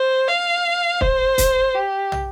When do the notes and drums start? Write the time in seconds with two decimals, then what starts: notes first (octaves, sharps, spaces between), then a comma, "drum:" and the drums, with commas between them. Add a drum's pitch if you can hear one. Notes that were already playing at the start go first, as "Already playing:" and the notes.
Already playing: C5
0.27 F5
1.01 C5, drum: kick
1.38 drum: kick, hi-hat
1.74 G4
2.12 drum: tom